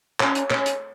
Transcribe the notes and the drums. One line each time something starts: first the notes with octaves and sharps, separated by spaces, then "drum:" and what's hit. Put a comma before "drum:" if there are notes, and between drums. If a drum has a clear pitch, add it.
C#4, drum: clap
drum: hi-hat
C#4, drum: clap
drum: hi-hat